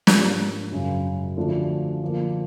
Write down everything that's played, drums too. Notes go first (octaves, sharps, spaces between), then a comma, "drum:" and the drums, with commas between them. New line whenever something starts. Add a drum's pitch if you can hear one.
G#2 F3 A#3 D4 G4, drum: snare
F#2 C#3 F#3
D3 F3 A3 D4 F#4
D3 F3 A#3